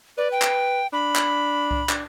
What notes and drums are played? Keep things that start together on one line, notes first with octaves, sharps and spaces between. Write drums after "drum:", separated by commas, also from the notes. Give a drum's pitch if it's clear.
B4 D5
G5
drum: clap
D4 B5
drum: clap
drum: kick C2
D4, drum: clap